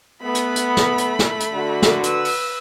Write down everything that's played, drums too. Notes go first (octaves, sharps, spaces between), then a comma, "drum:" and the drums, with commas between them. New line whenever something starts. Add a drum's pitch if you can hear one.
A3 B3 B5
drum: hi-hat
drum: hi-hat
drum: snare
drum: hi-hat
drum: snare
drum: hi-hat
D3 F#4
drum: snare
B4 E6, drum: hi-hat
drum: open hi-hat